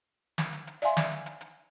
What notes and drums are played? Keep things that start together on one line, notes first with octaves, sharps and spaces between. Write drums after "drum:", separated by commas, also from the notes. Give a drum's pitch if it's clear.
drum: snare
drum: hi-hat
drum: hi-hat
D5 E5 F5 G#5 C6, drum: hi-hat
drum: snare
drum: hi-hat
drum: hi-hat
drum: hi-hat